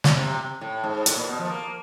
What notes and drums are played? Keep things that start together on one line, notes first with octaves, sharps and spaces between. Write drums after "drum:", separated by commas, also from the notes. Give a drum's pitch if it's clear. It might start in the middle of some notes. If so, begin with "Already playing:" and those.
drum: snare
C3
A2
G#2
A2, drum: hi-hat
A#2
B2
F3
A3
A#3